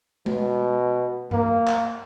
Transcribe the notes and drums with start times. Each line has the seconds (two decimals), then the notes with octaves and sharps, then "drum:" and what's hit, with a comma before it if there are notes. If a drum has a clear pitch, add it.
0.26 B2, drum: tom G#3
1.31 A#3, drum: tom G2
1.68 drum: clap